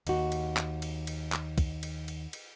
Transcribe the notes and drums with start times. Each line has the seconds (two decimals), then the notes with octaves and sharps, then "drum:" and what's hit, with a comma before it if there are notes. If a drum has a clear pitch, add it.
0.07 D#2 F#4, drum: cymbal
0.32 drum: cymbal
0.57 drum: clap
0.82 drum: cymbal
1.07 drum: cymbal
1.32 drum: clap
1.58 drum: kick, cymbal
1.83 drum: cymbal
2.08 drum: cymbal
2.33 drum: cymbal